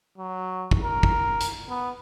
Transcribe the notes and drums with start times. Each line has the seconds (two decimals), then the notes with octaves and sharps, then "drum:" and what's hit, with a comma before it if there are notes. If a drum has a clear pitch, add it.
0.18 F#3
0.71 drum: kick
0.84 A#4
1.03 drum: kick
1.41 drum: hi-hat
1.69 B3